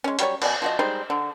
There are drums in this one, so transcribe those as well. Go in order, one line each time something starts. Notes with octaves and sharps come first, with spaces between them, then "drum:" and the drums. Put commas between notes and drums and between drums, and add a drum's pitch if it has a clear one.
G#3 C#4
F#3 G3 A#4 C#5, drum: hi-hat
B2 D5 G#5, drum: cymbal
F3 F#4 D#5
G3 G#3 D#4 C5
D3